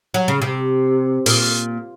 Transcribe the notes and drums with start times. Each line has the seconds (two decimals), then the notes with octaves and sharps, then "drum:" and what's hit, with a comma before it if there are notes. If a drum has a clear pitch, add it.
0.14 F#3
0.28 C#3
0.42 C3
1.26 A#2, drum: open hi-hat